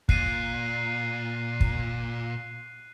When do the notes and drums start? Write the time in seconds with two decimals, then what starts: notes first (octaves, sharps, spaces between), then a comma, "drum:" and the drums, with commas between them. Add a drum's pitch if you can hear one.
0.09 A#2 F#6 C7 D#7, drum: kick
1.60 drum: kick